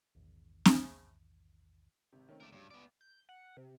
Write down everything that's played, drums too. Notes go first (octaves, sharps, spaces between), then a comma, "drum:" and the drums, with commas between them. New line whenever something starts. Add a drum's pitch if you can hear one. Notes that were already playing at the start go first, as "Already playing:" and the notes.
A#1 E2 G#2 D#3
drum: snare C4
G#1 C3 G4
D#3 A3 C4 C#4
C#2 A3 A#4 D6 D7
G2 F#3 G3
B3 D5
G6
F#5
C3